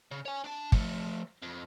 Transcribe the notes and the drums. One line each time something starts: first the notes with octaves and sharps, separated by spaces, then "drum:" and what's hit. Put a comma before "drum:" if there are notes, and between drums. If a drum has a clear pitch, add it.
C#3
C#5 G#5
D4 A5
F3 A3, drum: kick
F2